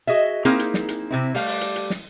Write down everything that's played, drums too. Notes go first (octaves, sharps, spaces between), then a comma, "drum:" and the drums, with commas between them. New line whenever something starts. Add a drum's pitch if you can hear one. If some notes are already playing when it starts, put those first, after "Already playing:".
F#4 G#4 D#5 E5
A#3 C4 D#4 E4 G#4 A#4, drum: hi-hat
drum: hi-hat
drum: snare
drum: hi-hat
C3 C4 E4
G3 A3 F5, drum: open hi-hat
drum: open hi-hat
drum: hi-hat
drum: hi-hat
drum: snare